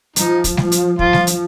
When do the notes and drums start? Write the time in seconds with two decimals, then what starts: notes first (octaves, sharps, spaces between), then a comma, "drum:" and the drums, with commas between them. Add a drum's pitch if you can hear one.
0.16 F3 D#4, drum: hi-hat
0.44 drum: kick, hi-hat
0.57 F3, drum: snare G3
0.72 drum: hi-hat
0.99 F3 F4, drum: kick
1.13 drum: snare G3
1.27 drum: hi-hat